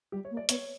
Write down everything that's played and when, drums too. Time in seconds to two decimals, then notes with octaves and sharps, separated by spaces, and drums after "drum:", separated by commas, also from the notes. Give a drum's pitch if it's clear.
0.12 G3 G4
0.25 C#5
0.31 A#3
0.37 D5
0.49 B3 C#5, drum: hi-hat